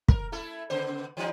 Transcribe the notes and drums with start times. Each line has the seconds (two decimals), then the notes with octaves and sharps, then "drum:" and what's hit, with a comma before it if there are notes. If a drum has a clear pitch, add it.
0.08 A#4, drum: kick
0.32 A3 E4 A4
0.70 C#3 B3 C5
1.17 E3 G3 D#4